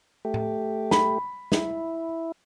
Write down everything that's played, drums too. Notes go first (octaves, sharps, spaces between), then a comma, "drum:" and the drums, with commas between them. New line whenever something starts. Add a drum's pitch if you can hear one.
A3 G4
drum: tom A2
B5, drum: snare
E4, drum: snare